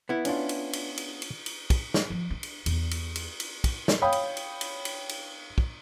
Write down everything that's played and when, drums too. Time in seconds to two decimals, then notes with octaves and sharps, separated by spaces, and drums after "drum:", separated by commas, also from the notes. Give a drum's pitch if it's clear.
0.09 B3 E4
0.25 C#4 D4 F4, drum: cymbal
0.49 drum: cymbal
0.73 drum: cymbal
0.97 drum: cymbal
1.22 drum: cymbal
1.46 drum: cymbal
1.70 drum: kick, cymbal
1.94 drum: snare
2.10 F3
2.30 D4
2.43 drum: cymbal
2.66 E2, drum: cymbal
2.91 drum: cymbal
3.15 drum: cymbal
3.40 drum: cymbal
3.64 drum: kick, cymbal
3.88 drum: snare
4.02 C#5 F5 G5 B5 D#6
4.12 drum: cymbal
4.37 drum: cymbal
4.61 drum: cymbal
4.85 drum: cymbal
5.09 drum: cymbal
5.58 drum: kick